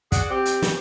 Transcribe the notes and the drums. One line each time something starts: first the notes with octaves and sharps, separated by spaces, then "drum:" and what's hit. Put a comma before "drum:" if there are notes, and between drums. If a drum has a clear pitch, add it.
F#4 G#4 D5 F#5, drum: kick, hi-hat
C4 G4
drum: hi-hat
drum: snare